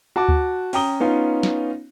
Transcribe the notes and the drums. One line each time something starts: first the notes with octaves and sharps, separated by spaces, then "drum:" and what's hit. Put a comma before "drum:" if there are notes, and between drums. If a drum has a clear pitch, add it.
F#4 A5 D6
drum: kick D2
C#4 G5 A#5 D#6 G7, drum: open hi-hat
B3 C#4 D#4 F4
drum: snare